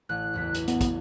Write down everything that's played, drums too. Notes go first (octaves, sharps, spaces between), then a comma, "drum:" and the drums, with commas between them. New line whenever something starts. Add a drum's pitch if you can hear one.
A1 F#6
F#1 E2 B6
drum: hi-hat
B3, drum: hi-hat
drum: kick, hi-hat